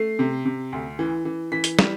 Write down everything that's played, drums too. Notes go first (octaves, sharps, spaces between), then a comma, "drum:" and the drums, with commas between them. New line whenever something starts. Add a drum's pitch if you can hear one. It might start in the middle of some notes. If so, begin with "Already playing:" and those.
Already playing: A3 C7
C3
C3
D2
E3
E3
E3 B6
drum: hi-hat
G3, drum: snare